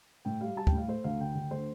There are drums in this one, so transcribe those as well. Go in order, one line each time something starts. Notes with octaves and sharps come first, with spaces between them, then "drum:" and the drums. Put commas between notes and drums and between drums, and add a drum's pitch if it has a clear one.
A2 G5
G3 F5
G3 A5
G5, drum: kick
A2
F5
A3 C5
D2 F5
D3 G5
D2
A3 C5